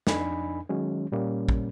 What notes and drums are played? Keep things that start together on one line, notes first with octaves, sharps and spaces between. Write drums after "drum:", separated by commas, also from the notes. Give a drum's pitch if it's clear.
F2 D4 D#4 G#5 B5, drum: snare
D#3 F#3 G#3 C#4
A#2 G3 A#3 C#4
drum: kick